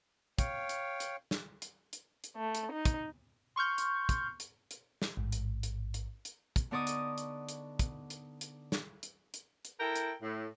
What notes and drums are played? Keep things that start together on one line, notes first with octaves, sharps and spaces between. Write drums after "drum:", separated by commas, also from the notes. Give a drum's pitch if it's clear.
C#5 F5 G5, drum: kick, hi-hat
drum: hi-hat
drum: hi-hat
drum: snare
drum: hi-hat
drum: hi-hat
drum: hi-hat
A3
drum: hi-hat
D#4
drum: kick, hi-hat
C6 C#6 F6 G6
drum: hi-hat
drum: kick, hi-hat
drum: hi-hat
drum: hi-hat
drum: snare
A1 G#2
drum: hi-hat
drum: hi-hat
drum: hi-hat
drum: hi-hat
drum: kick, hi-hat
D3 B3 D#4 D5 C#6 D#6
drum: hi-hat
drum: hi-hat
drum: hi-hat
drum: kick, hi-hat
drum: hi-hat
drum: hi-hat
drum: snare
drum: hi-hat
drum: hi-hat
drum: hi-hat
E4 A4 A#4 G5
drum: hi-hat
A2